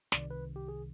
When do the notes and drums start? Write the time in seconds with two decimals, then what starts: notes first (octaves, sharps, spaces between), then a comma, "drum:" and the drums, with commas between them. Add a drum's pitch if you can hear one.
0.12 C2 C3 D#3 D5, drum: snare
0.31 B4
0.56 G4
0.68 G#4